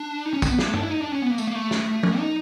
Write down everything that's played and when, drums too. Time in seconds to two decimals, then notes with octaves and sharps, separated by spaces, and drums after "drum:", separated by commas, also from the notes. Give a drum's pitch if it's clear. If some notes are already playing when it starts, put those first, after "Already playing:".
Already playing: D4
0.26 D#4
0.33 C#4
0.42 C4, drum: kick, tambourine
0.50 B3
0.59 A#3, drum: snare
0.65 A3
0.74 D4, drum: tom
0.83 E4
0.91 D#4
1.00 D4
1.12 C#4
1.22 B3
1.31 A#3
1.38 A3, drum: tambourine
1.47 A#3
1.55 A3
1.71 drum: snare
2.03 drum: tom
2.19 D#4